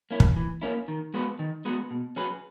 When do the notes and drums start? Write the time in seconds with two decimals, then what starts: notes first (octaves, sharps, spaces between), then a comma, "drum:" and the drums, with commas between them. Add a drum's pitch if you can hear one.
0.11 A#3 C#4 E4
0.20 drum: kick
0.37 E3
0.62 A#3 C#4 E4
0.88 D#3
1.14 G#3 B3 F#4 B4
1.39 D#3
1.65 G#3 B3 F#4 B4
1.91 B2
2.16 F#3 C#4 G#4 B4